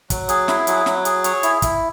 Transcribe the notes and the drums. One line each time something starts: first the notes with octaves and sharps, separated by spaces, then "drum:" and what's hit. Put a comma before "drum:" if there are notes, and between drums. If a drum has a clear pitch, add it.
F#3, drum: kick, hi-hat
G#4, drum: hi-hat
E4, drum: snare
F#3, drum: hi-hat
F#3, drum: snare
G#4, drum: hi-hat
C#5, drum: hi-hat
E4, drum: hi-hat
E4, drum: kick, hi-hat